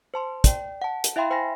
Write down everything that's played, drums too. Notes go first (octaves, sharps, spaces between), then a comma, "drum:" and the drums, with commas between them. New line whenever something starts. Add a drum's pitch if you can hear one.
C5 A5 C6
D5 G5, drum: kick, hi-hat
F#5 A5
drum: hi-hat
E4 E5 F5 G5 B5 C6
C5 G5 G#5 B5 C6 A#6